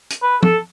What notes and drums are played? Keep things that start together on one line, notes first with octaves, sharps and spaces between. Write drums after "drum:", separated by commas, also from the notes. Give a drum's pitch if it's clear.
drum: hi-hat
B4
A4, drum: tom F3